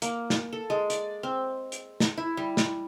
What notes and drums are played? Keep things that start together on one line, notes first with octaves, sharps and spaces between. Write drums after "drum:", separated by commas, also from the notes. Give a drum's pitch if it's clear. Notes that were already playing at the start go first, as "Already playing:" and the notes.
A#3, drum: hi-hat
drum: snare
A4
G#3
D5, drum: hi-hat
C4
drum: hi-hat
drum: snare
E4
G3
drum: snare